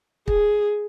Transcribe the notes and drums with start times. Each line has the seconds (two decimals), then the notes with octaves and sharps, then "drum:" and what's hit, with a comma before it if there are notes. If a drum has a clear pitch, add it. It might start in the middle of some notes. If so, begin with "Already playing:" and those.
0.28 G#4, drum: kick